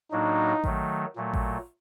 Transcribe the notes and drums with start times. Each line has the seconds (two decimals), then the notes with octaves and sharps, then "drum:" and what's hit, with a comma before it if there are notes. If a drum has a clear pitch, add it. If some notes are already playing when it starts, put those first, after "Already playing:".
0.12 A2 F#3 A#3 D4 D#4 F#4
0.64 D#3 F#3 A3, drum: kick A1
1.16 A#2 F#3 A3
1.34 drum: kick A1